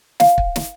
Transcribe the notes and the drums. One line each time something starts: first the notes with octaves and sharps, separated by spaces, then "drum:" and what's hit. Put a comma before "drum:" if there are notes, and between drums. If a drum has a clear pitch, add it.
F5, drum: snare
drum: kick
drum: snare